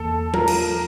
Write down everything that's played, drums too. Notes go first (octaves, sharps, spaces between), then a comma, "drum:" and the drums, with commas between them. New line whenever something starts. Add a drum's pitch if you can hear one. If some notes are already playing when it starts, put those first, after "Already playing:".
Already playing: E2 A#3 A4
F4 A#4, drum: tom F3
drum: cymbal